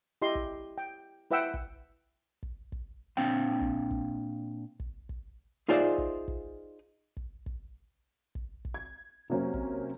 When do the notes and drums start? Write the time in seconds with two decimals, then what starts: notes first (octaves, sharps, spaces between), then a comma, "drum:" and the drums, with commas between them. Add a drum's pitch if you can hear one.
0.22 E4 G4 D#5 C6
0.35 drum: kick
0.78 G5
1.31 E4 B4 E5 F#5 G5 E6
1.54 drum: kick
2.43 drum: kick
2.72 drum: kick
3.17 A#2 C4 D4 F5 G5
3.61 drum: kick
3.91 drum: kick
4.80 drum: kick
5.09 drum: kick
5.68 D#4 F4 G#4 C5 D5 E5
5.98 drum: kick
6.28 drum: kick
7.17 drum: kick
7.46 drum: kick
8.35 drum: kick
8.65 drum: kick
8.74 G#6
9.30 C3 F#3 A#3 C4 C#4
9.54 drum: kick